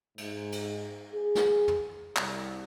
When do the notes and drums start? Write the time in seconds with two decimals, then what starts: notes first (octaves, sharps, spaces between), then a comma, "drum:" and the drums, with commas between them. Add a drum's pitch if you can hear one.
0.18 G#2, drum: cymbal
0.52 drum: cymbal
1.13 G#4
1.35 drum: snare
1.68 drum: tom
2.16 C2, drum: clap